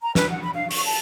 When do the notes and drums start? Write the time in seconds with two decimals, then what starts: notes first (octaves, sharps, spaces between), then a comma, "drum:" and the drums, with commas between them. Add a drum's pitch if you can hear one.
0.02 A#5
0.15 B4, drum: snare
0.30 F#5
0.43 B5
0.54 F5
0.71 C#6, drum: open hi-hat
0.85 A5